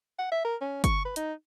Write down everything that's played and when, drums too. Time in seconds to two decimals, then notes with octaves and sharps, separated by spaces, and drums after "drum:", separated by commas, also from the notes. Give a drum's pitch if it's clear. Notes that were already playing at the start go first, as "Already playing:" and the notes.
0.19 F#5
0.32 E5
0.45 A#4
0.61 C#4
0.84 C#6, drum: kick G1, hi-hat
1.05 B4
1.16 D#4, drum: hi-hat